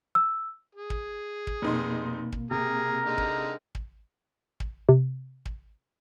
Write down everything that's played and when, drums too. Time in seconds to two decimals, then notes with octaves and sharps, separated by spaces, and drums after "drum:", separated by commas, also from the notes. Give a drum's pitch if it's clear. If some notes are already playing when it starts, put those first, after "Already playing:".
0.15 E6
0.75 G#4
0.90 drum: kick
1.47 drum: kick
1.62 F1 B2 A#3 D#4 C6
2.32 drum: kick
2.51 C3 G#4 A#4
3.06 D3 G#3 D#4
3.18 drum: kick
3.75 drum: kick
4.60 drum: kick
4.89 C3
5.46 drum: kick